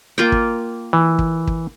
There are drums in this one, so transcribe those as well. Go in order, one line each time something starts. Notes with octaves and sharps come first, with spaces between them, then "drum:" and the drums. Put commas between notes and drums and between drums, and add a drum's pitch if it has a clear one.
A#3 F4 G5
drum: kick
E3
drum: kick
drum: kick